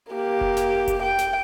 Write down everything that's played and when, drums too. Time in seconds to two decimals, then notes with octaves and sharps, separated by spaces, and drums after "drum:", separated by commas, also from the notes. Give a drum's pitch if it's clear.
0.12 A#3 G4
0.41 drum: kick F1
0.57 drum: snare
0.88 drum: kick F1, hi-hat
1.03 G5
1.19 drum: snare